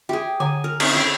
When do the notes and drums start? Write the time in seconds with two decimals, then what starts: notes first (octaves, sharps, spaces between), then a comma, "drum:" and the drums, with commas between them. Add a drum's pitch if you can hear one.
0.09 G4 G#4 E5
0.40 D3 F#5 G#5 A#5
0.64 A#4
0.80 C4 C#4 D#4 C#6, drum: cymbal
0.93 E4 G5